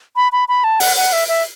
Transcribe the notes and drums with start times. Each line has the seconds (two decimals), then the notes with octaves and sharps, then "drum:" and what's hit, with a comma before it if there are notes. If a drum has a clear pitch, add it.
0.16 B5
0.32 B5
0.48 B5
0.64 A5
0.80 F#5, drum: open hi-hat
0.96 F#5
1.13 E5
1.28 E5